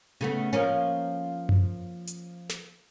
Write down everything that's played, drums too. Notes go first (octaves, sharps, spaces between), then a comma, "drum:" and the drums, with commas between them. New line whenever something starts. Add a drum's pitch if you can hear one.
C#3 A3 B3
F3 A#3 C#4
drum: tom F#2
drum: hi-hat
drum: snare